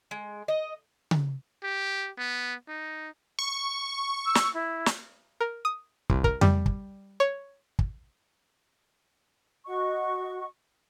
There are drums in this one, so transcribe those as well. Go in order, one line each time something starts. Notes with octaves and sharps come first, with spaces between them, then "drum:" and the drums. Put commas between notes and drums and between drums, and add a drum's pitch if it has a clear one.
G#3
D#5
drum: tom C#3
G4
B3
D#4
C#6
E6
drum: snare
E4
drum: snare
A#4
D#6
C2, drum: kick
A#4, drum: kick
G3, drum: tom F2
drum: kick
C#5
drum: kick
F#4 D#5 C#6